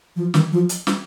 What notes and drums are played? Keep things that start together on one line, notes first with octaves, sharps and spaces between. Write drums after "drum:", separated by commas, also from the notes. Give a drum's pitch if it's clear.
F3
D#3, drum: snare
F3
drum: hi-hat
drum: snare